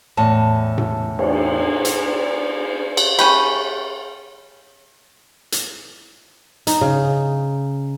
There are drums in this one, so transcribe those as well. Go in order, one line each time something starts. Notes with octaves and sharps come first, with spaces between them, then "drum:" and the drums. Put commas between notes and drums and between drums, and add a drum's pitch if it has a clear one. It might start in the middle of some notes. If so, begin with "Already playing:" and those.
E2 A2 A5
drum: tom A2
drum: cymbal
drum: hi-hat
drum: cymbal
C#4 B4 C#5 G5 B5, drum: cymbal
drum: hi-hat
D#4, drum: hi-hat
C#3